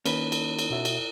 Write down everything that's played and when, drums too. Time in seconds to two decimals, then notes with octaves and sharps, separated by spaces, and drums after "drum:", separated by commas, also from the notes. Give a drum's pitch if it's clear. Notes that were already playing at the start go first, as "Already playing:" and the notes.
0.06 D#3 A#3 C#4 D#4 B4, drum: cymbal
0.32 drum: cymbal
0.59 drum: cymbal
0.70 B2 F#4 E5
0.85 drum: cymbal